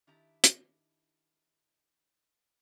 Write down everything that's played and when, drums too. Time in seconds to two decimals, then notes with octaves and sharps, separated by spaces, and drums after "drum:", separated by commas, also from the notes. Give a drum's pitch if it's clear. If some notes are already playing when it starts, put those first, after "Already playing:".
0.07 D#3 D4 E4 G4 A#5
0.44 drum: hi-hat